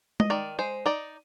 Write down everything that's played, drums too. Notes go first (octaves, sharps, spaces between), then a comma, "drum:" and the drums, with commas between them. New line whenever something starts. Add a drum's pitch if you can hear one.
D#5, drum: tom G#3
D#3 D5
G#3 C5
D#4 D5